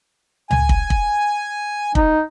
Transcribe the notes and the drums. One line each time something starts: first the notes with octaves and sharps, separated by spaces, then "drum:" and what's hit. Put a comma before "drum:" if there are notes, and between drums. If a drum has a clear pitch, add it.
G#5, drum: tom C#2
drum: kick
drum: kick
D#4, drum: kick